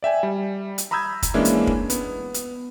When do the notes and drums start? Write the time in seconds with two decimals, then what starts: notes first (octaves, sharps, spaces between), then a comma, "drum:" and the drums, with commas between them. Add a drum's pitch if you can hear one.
0.03 D5 E5 G5 G#5
0.23 G3
0.78 drum: hi-hat
0.91 A#5 B5 D#6 E6 G6 G#6
1.23 drum: kick, hi-hat
1.34 E3 G#3 A#3 C#4 D4 E4
1.45 drum: hi-hat
1.67 drum: kick
1.90 B3, drum: hi-hat
2.34 drum: hi-hat